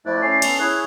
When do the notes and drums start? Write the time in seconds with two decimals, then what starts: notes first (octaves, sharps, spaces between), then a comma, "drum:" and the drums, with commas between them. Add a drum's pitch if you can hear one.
0.06 F2 A3 E4 D5 F#6
0.22 C#4 C7
0.42 B3 A4, drum: cymbal
0.59 E4 G#4 C#5 F#6